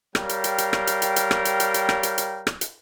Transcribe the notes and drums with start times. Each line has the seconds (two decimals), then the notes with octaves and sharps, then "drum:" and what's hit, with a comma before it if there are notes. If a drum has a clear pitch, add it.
0.15 G3 A#4 C#5 F5 G5, drum: rim click
0.29 drum: hi-hat
0.44 drum: hi-hat
0.58 drum: hi-hat
0.73 drum: rim click
0.87 drum: hi-hat
1.02 drum: hi-hat
1.16 drum: hi-hat
1.31 drum: rim click
1.45 drum: hi-hat
1.60 drum: hi-hat
1.74 drum: hi-hat
1.89 drum: rim click
2.03 drum: hi-hat
2.18 drum: hi-hat
2.47 drum: rim click
2.61 drum: hi-hat